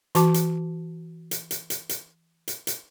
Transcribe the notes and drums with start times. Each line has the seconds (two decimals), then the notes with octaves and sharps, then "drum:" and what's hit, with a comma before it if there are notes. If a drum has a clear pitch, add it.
0.15 E3 F#4 A5 D6, drum: hi-hat
0.34 drum: hi-hat
1.31 drum: hi-hat
1.51 drum: hi-hat
1.70 drum: hi-hat
1.89 drum: hi-hat
2.48 drum: hi-hat
2.67 drum: hi-hat